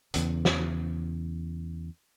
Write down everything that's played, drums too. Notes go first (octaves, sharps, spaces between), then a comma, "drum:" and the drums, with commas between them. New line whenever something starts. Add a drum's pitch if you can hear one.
E2 C#3, drum: hi-hat
drum: snare